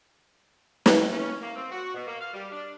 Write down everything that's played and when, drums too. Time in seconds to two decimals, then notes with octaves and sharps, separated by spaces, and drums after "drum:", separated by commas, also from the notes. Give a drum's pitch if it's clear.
0.86 drum: snare
1.11 C#4
1.41 A#3
1.56 C4
1.71 F#4
1.94 B2
2.07 A#3
2.21 F5
2.34 G3
2.52 D4